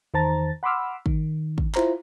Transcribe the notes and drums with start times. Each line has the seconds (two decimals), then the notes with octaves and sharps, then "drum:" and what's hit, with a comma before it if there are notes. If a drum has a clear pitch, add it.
0.14 E2 D#3 C5 A5 A#5 A6
0.63 F#5 B5 C6 D6 E6 F6
1.06 D#3, drum: kick
1.58 drum: kick
1.75 E4 F4 C5 A#5, drum: clap